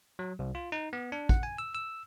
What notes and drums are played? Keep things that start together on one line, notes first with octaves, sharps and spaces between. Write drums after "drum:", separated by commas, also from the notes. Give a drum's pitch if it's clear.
F#3
C2
F4
D#4
B3
D4
F#5, drum: kick
G#5
E6
E6